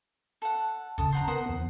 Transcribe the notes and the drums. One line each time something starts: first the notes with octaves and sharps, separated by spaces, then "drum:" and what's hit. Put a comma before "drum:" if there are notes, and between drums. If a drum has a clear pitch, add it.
A4 F#5
C#3 A4 D#6, drum: kick F#1
C5 F#5 A#5
B3 A#4 C5 F#5 D#6
E2